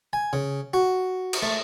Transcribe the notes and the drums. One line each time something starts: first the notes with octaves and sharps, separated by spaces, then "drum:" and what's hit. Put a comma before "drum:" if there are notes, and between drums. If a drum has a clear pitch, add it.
G#5
C#3
F#4
drum: cymbal
A3